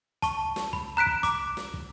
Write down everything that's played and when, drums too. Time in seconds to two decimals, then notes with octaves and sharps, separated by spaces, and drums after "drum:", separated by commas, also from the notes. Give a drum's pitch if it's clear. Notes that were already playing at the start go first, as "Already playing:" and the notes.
0.22 A5 C#6, drum: kick, hi-hat
0.56 drum: snare
0.73 B5, drum: kick
0.97 A#5 F#6 B6 D7
1.06 drum: kick
1.23 D6, drum: kick, hi-hat
1.57 drum: snare
1.74 drum: kick